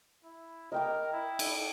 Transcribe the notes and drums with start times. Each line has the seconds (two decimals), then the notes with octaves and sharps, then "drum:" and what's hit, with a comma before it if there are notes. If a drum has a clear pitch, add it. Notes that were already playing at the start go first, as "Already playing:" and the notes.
0.25 E4
0.72 A#4 D#5 G5 D6
1.12 E4
1.39 drum: cymbal